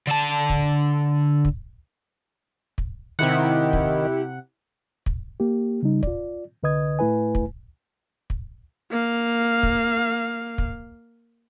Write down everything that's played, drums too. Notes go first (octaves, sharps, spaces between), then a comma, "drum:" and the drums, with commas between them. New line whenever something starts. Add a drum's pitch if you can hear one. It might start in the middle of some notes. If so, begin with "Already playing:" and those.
D3 A5
drum: kick
drum: kick
drum: kick
C3 D#3 E4 G4 F#5
drum: kick
drum: kick
A#3 G4
C#3 G3 D#4
F4 D5, drum: kick
C2 D3 B4 D#5 D#6 G#6
A2 A3 E4 B4 G#5
drum: kick
drum: kick
A#3 F5
drum: kick
drum: kick